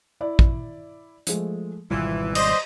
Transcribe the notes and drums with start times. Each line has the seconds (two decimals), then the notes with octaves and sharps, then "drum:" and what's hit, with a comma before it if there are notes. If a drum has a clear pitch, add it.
0.21 E4 D5
0.39 drum: kick
1.27 F3 G#3 A3, drum: hi-hat
1.91 G#1 B2 E3 G3 F4
2.35 C5 D5 D#5, drum: cymbal